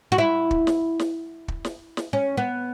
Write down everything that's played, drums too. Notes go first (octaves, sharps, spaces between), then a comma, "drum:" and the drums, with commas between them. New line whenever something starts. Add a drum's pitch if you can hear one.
F#4
E4
drum: kick
drum: snare
drum: snare
drum: kick
drum: snare
drum: snare
C#4
B3